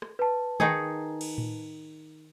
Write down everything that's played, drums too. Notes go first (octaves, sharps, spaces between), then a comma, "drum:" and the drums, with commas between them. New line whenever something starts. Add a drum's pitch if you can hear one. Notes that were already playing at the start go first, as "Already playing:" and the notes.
drum: rim click
B4 A5
D#3 D#4 G#4, drum: tom D#3
drum: cymbal
drum: tom A2